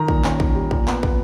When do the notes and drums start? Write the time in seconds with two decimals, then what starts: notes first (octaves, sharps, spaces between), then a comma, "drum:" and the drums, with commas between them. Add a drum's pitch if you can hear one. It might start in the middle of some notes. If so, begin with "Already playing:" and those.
Already playing: D#3 A#5
0.08 A#2, drum: kick
0.24 C#4, drum: clap
0.40 A#2, drum: kick
0.55 G3
0.71 A#2, drum: kick
0.88 B3, drum: clap
1.03 A#2, drum: kick